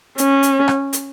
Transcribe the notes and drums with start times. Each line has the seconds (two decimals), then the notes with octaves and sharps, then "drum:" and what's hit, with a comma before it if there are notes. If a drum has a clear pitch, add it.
0.18 C#4, drum: hi-hat
0.43 drum: hi-hat
0.68 drum: rim click
0.93 drum: hi-hat